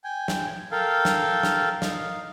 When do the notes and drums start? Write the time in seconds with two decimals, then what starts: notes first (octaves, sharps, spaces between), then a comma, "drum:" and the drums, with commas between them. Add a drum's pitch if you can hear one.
0.04 G5 G#5
0.28 drum: snare
0.72 A4 A#4 F5 G5
1.05 drum: snare
1.43 drum: snare
1.82 D#4 F5, drum: snare